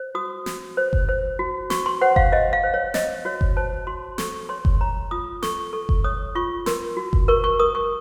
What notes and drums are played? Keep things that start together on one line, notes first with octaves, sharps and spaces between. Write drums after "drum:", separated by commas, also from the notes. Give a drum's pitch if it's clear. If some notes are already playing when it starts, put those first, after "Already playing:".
Already playing: C5
F#4 D#6
F#4, drum: snare
C5
drum: kick F#1
C5
F#4
F#4 C#6, drum: snare
C6
C5 F#5
F5, drum: kick F#1
C5 D#5
F5
C5
C#5
C5 D#5, drum: snare
F#4 C#5
drum: kick F#1
C5 A5
F#4 C6
A4 C#6, drum: snare
C#5 C6
drum: kick F#1
C#5 A#5
F4 D#6
A4 C#6, drum: snare
A4 C#6
drum: kick F#1
C#5 D#6
F4 C#6
A#4 C6, drum: snare
F#4
drum: kick F#1
A#4 C#6
C#6
A#4 D#6
C#6